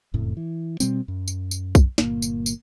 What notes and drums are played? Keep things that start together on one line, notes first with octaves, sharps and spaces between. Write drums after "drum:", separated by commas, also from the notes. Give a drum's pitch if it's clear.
F#1 F2 A2 A3
E3
B2 G3 C4, drum: tambourine
F#2
drum: tambourine
drum: tambourine
drum: kick B1, tambourine
G1 F#2 A#2 A#3, drum: snare
drum: tambourine
drum: tambourine